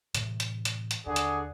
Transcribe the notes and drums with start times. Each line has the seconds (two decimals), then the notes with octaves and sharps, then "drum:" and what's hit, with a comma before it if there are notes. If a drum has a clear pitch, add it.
0.15 A2 C3 E3, drum: hi-hat
0.40 drum: hi-hat
0.65 drum: hi-hat
0.91 drum: hi-hat
1.07 D#2 D3 G#4 D5 F#5
1.16 drum: hi-hat